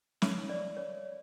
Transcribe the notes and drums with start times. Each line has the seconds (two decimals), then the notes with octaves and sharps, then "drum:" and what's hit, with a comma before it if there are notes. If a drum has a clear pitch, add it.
0.22 F4 C#5 E5, drum: snare
0.49 D5
0.77 C#5